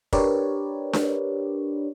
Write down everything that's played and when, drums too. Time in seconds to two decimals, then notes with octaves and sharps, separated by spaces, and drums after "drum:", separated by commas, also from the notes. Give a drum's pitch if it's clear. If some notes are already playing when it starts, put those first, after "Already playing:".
0.13 D4 G4 A#4 B4 C#5 D5, drum: kick
0.93 drum: snare D4